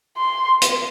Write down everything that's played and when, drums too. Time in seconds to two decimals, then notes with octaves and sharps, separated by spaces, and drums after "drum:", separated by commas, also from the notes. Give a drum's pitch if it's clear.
0.17 C6
0.62 drum: hi-hat